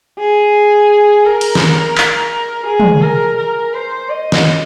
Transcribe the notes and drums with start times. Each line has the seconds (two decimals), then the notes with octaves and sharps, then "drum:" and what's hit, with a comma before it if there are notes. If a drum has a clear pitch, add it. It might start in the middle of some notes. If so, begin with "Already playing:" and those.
0.19 G#4
1.25 A#4
1.41 drum: cymbal
1.55 drum: snare
1.98 drum: clap
2.66 G#4
2.80 drum: tom
3.02 A#4
3.37 A#4
3.73 C5
4.09 D#5
4.32 drum: snare